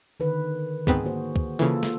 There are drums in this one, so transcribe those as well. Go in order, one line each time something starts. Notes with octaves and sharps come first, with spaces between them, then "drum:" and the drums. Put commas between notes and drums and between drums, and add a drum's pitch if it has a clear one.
D3 D#3 B4
G#2 B3 C4 G#4, drum: kick
A#3 F#4 C5
drum: kick
C#3 E3 A#3 F4 A4
drum: snare